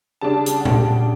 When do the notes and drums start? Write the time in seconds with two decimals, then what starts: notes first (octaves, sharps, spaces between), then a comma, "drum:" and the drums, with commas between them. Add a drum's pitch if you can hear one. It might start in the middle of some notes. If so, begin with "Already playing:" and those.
0.21 C#3 G3 D4 A5
0.46 drum: hi-hat
0.60 F#5
0.65 G5, drum: tom A#2